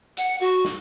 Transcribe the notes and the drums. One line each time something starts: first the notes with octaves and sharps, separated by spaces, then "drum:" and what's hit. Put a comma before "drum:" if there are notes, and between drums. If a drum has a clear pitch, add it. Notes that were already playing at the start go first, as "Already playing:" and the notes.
F#5, drum: hi-hat
F#4
drum: snare